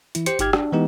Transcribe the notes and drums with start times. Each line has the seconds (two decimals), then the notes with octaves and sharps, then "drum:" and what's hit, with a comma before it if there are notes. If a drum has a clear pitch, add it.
0.15 E3 E4, drum: hi-hat
0.26 G4 C5 C6 C#7, drum: hi-hat
0.39 G1 D#4 G4 F6 G#6, drum: hi-hat
0.53 D4, drum: rim click
0.72 E3 G#3 B3 D#4 G4